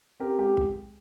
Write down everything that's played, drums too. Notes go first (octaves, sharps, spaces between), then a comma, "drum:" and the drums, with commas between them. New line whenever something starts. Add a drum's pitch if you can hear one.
C4 G4 A#4
G#3 G4
drum: kick